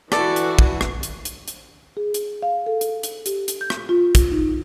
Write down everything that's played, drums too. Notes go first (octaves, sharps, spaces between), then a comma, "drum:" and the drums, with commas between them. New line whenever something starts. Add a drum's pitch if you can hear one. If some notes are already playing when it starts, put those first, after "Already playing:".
E3 F#4 A4 D5, drum: rim click
drum: hi-hat
drum: kick
drum: rim click
drum: hi-hat
drum: hi-hat
drum: hi-hat
G#4
drum: hi-hat
F5
A4
drum: hi-hat
drum: hi-hat
G4, drum: hi-hat
drum: hi-hat
G6
drum: rim click
F4
drum: kick, hi-hat
D#4